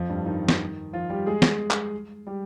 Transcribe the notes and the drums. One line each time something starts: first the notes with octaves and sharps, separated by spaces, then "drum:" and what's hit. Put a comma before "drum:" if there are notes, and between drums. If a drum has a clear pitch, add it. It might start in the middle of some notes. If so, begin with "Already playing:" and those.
Already playing: F2 F3
G2 G3
D#3 D#4
drum: snare
F3 F4
G3 G4
G#3 G#4
drum: snare
drum: clap
G3 G4